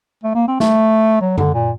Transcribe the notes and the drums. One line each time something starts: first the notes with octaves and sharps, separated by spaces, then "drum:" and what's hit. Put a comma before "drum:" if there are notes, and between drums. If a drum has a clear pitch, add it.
A3
A#3
C4
A3, drum: snare
F#3
D3, drum: tom F#2
A#2